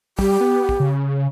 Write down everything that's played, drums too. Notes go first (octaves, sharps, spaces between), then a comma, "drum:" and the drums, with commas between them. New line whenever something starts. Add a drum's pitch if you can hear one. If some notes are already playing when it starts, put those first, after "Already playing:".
G3 G4, drum: kick
B3
drum: kick
C#3